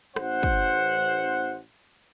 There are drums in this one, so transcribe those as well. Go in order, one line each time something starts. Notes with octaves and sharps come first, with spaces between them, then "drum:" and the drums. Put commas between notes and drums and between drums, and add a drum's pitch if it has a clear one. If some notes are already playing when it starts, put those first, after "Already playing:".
A1 C5 F#5, drum: rim click
drum: kick